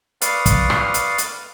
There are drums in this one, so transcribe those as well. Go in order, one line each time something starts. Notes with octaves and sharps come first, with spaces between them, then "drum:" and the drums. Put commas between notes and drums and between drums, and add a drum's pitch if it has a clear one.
B4 D5 F5 C#6 D#6 F6, drum: hi-hat
drum: kick, hi-hat
drum: rim click
drum: hi-hat
drum: hi-hat